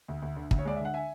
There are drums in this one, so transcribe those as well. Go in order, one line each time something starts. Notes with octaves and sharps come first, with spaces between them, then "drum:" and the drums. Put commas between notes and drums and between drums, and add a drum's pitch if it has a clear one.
D2
D2
D3
D2, drum: kick
C#5
G#3 D5
D3 E5
F#5
E5 G#5